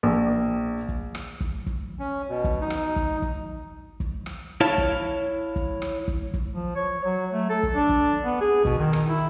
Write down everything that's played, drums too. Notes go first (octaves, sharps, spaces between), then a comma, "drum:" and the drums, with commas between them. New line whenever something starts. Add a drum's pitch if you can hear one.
A#1
drum: kick
drum: rim click
drum: kick
drum: kick
C#4
B2
drum: kick
D#4
drum: rim click
drum: kick
drum: kick
drum: kick
drum: rim click
E4 C#5 F5 A5
drum: kick
drum: kick
drum: rim click
drum: kick
drum: kick
F3
C#5
F#3
A3
A4
drum: kick
D4
drum: kick
B3
G#4
B2, drum: kick
D#3
drum: rim click
E4